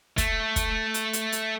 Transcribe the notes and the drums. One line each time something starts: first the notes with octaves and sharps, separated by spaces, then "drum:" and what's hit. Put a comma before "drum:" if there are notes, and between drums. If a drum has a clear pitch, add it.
A3, drum: kick, hi-hat
drum: kick, hi-hat
drum: hi-hat
drum: hi-hat
drum: hi-hat